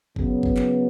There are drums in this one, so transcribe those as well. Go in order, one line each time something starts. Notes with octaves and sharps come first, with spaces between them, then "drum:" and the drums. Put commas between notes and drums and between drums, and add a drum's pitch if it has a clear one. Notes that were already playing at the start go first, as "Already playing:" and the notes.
C#3 F#3 B3, drum: kick G1
drum: kick G1
drum: clap